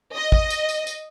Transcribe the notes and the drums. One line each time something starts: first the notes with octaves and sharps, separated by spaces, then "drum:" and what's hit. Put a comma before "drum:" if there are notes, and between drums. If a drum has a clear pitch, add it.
D#5
drum: kick
drum: tambourine
drum: tambourine
drum: tambourine